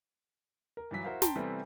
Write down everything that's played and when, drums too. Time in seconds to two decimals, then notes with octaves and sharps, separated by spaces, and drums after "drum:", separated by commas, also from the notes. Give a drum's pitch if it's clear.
0.77 A#4
0.91 G2 E3 F#3 B6
1.04 E4 F#4 A#4 C5 F5
1.22 G5 A5 A#5 C6, drum: snare
1.36 C3 E3 G3 A3 B3 C4